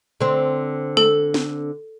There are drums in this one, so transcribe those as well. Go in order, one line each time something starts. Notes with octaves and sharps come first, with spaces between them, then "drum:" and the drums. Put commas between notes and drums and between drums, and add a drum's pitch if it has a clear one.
D3 C4
A4, drum: tom G#3
drum: snare